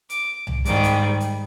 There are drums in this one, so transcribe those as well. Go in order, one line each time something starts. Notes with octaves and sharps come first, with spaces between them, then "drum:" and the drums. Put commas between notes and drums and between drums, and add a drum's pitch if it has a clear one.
D6, drum: hi-hat
drum: tom C2
G#2 D#3 G3 D6, drum: hi-hat
drum: hi-hat
drum: hi-hat